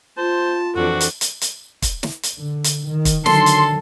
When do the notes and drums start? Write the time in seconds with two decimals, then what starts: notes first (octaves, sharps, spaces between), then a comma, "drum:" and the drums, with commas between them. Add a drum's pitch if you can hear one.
0.18 F4 C5 A5
0.76 F2 E3 D4 F#4 A4
1.00 drum: hi-hat
1.21 drum: hi-hat
1.41 drum: hi-hat
1.82 drum: kick, hi-hat
2.03 drum: snare
2.23 drum: hi-hat
2.36 D3
2.64 drum: hi-hat
2.87 D#3
3.05 drum: kick, hi-hat
3.26 D3 D#3 F#3 A4 C6, drum: snare
3.46 drum: hi-hat